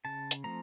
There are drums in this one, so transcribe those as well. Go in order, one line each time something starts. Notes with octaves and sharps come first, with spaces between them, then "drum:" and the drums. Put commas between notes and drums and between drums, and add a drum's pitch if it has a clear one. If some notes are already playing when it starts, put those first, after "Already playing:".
C#3 A5
drum: hi-hat
F3 A3 C4 A#5